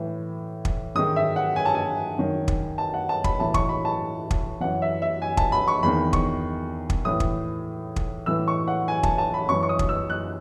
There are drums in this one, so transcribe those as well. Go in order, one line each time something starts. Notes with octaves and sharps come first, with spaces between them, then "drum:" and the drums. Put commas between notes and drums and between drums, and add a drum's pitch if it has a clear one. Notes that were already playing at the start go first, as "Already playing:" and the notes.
Already playing: A2 E3
drum: kick
G#2 D#3 D#6
E5
F#5
G#5
A5
G#5
F#2 D#3
drum: kick
A5
F#5
A5
B5, drum: kick
A2 E3 A5
C#6, drum: kick
B5
A5
drum: kick
F#2 E3 F#5
E5
E5
G#5
A5, drum: kick
B5
C#6
E2 D#3 B5
C#6, drum: kick
drum: kick
A2 E3 D#6
drum: kick
drum: kick
A2 E3 E6
C#6
F#5
G#5
A5, drum: kick
A5
B5
F#2 E3 C#6
C#6
D#6
drum: kick
E6
F#6